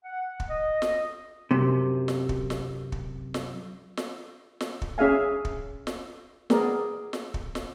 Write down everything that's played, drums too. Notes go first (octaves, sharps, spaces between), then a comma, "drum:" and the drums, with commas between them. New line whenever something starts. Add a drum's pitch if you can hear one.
F#5
drum: kick
D#5
drum: snare
F#2 C3
drum: snare
drum: kick
drum: snare
drum: kick
drum: snare
drum: snare
drum: snare
drum: kick
C#4 G#4 E5 F5 G#5
drum: kick
drum: snare
A#3 B3 G#4 A#4 D5, drum: snare
drum: snare
drum: kick
drum: snare